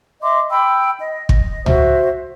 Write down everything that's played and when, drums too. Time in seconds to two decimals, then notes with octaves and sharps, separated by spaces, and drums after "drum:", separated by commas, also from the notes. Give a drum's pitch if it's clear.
0.22 D#5 E5 C6 D6
0.51 G5 B5 E6
1.00 D#5
1.29 drum: kick
1.66 F#4 C5 E5, drum: tom C#2